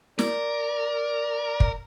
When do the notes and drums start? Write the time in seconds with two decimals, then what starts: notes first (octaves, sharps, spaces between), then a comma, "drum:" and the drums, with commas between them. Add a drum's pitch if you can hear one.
0.19 A#4 D5, drum: snare
1.60 drum: kick